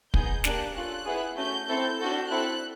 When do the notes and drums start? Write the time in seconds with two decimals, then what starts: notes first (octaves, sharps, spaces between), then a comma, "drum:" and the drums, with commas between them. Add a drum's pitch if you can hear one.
0.14 B3 D#4 G#4 G6, drum: kick
0.44 A#3 D4 G4 F#6, drum: snare
0.75 C#4 F4 A4 F#6
1.06 B3 E4 G#4
1.37 A3 C#4 F#4 G6
1.68 C4 E4 A4 G6
2.00 D4 F#4 A4
2.30 C4 E4 A4 F#6